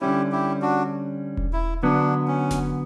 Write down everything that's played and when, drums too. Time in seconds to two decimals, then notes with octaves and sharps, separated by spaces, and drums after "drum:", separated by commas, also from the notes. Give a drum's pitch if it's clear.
0.01 D3 G3 C#4 E4 G4
0.32 E4 G4
0.62 D4 F#4
1.37 drum: kick E1
1.53 E4
1.83 D3 F#3 B3 D4
2.28 C#4
2.51 drum: snare F#1